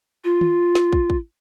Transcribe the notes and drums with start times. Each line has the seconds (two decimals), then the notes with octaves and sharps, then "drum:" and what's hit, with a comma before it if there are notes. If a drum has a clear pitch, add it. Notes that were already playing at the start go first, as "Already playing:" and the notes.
0.24 F4
0.41 drum: tom
0.75 drum: snare
0.92 drum: kick
1.10 drum: kick